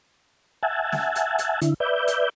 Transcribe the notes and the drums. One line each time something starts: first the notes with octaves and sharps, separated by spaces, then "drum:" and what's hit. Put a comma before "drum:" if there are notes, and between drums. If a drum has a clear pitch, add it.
E5 F#5 G#5 A5
drum: snare
drum: hi-hat
drum: hi-hat
D3 E4, drum: hi-hat
B4 D5 E5 G6
drum: hi-hat